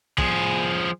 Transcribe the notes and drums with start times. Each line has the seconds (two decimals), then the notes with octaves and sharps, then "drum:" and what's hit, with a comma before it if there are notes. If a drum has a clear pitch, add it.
0.18 F3 G#4, drum: kick